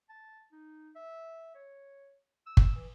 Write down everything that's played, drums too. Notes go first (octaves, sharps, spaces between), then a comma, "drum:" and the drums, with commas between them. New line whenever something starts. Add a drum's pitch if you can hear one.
A5
D#4
E5
C#5
E6
drum: kick G1
E3